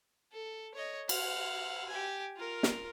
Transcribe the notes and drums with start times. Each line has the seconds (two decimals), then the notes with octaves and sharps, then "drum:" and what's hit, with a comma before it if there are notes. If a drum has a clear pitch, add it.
0.32 A4
0.75 C#5 D#5
1.09 F5 F#5, drum: cymbal
1.89 G4 G#5
2.37 F4 A#4
2.63 drum: snare